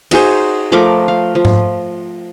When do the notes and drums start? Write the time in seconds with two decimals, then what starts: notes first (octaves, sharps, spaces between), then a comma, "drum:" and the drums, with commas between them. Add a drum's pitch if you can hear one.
0.11 D#4 F#4 G#4 C5, drum: cymbal
0.72 F3 A3 A#4 D6
1.08 F5
1.35 F3
1.45 drum: tom G#2